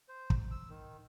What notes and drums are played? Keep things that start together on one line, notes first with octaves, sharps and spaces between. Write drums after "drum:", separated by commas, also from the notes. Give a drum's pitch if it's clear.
C5
drum: kick
E6
D#3